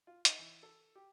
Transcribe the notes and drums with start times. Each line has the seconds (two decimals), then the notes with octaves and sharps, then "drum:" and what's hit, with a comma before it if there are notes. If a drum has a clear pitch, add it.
0.07 F4
0.25 D#4, drum: hi-hat
0.39 E3
0.63 A4
0.96 G4